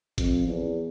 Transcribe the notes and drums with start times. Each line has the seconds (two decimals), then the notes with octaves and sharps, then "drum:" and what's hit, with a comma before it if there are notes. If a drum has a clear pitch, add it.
0.18 F2, drum: kick G#1, hi-hat
0.47 E2